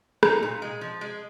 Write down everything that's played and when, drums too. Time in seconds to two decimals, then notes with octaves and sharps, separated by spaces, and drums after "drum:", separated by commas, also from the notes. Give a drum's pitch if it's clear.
0.23 D#4 A#5, drum: rim click
0.43 A#2
0.62 G#3
0.81 F3
1.01 G#3